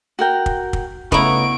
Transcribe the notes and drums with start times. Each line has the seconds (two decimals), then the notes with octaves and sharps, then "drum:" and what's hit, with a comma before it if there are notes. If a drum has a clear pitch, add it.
0.19 F#4 A#4 G5
0.46 drum: kick
0.73 drum: kick
1.12 C#3 A3 B3 E4 D#5 A#5 C#6 D7, drum: kick